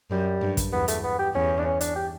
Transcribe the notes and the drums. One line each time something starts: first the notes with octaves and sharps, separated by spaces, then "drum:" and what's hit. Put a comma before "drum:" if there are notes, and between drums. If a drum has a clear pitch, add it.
F#2 G3
G2
drum: kick, hi-hat
E2 B3
A3, drum: hi-hat
B3
G4
E2 C#4
D4
C#4
D4, drum: hi-hat
G4